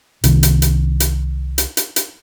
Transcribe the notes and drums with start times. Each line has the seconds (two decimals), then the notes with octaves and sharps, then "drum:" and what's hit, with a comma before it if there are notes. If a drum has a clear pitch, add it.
0.24 C2 C3 D#3, drum: hi-hat
0.43 drum: hi-hat
0.62 drum: hi-hat
1.00 drum: hi-hat
1.58 drum: hi-hat
1.77 drum: hi-hat
1.96 drum: hi-hat